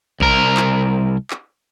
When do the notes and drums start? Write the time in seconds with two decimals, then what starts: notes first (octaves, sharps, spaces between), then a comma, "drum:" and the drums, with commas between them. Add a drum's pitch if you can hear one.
0.20 C2 A#4, drum: kick A1
0.57 drum: clap
1.31 drum: clap